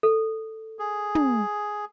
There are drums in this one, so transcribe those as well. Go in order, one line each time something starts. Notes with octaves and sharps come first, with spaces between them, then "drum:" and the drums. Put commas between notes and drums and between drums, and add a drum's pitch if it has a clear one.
A4
G#4
drum: tom